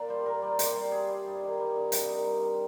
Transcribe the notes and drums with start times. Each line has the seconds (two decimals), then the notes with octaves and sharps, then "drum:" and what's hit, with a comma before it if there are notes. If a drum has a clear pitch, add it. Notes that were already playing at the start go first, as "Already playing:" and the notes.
Already playing: A#2 A#4 D5
0.09 G3 C5
0.26 A#2 A#4
0.42 G3 D5
0.59 C3 C5, drum: hi-hat
0.66 D5
0.73 G3 C5
0.92 C3 G#4
1.09 G3
1.26 G2
1.43 D#3
1.60 G3
1.76 G2
1.92 C3, drum: hi-hat
2.09 D#3
2.26 G3
2.43 C3